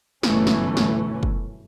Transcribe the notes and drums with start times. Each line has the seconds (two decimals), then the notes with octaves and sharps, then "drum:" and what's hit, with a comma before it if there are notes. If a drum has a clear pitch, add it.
0.23 G1 F#2 B2 E3 A3 C#4, drum: snare
0.47 drum: snare
0.77 drum: snare
1.23 drum: kick